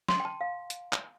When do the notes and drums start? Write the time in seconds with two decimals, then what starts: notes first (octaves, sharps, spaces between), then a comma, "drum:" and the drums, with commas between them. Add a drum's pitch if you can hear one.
0.08 C6, drum: snare
0.20 G5
0.25 A5
0.41 F5
0.70 drum: hi-hat
0.93 drum: clap